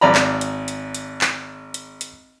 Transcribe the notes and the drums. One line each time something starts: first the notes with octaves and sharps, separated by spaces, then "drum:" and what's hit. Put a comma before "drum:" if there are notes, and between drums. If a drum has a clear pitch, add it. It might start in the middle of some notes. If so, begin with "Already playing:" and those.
G#1 D5 A#5 B5
drum: clap
drum: hi-hat
drum: hi-hat
drum: hi-hat
drum: clap
drum: hi-hat
drum: hi-hat